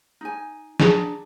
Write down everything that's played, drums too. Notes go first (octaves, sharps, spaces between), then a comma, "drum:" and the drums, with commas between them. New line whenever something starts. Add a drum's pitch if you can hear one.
D#4 G#5
D4 G#4 A#5, drum: snare